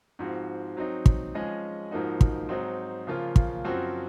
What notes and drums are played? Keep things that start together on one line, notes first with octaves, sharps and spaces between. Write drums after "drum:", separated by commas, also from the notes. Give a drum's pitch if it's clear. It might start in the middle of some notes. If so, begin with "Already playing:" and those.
G#2 F3 C4 F#4
F#3 C4 D#4
drum: kick
F3 G#3 C#4 G#4 D#5
G#2 F3 A#3 D#4 F#4
drum: kick
G#2 F#3 C4 D#4
C#3 F3 A#3 F4
drum: kick
F#2 F3 C4 F#4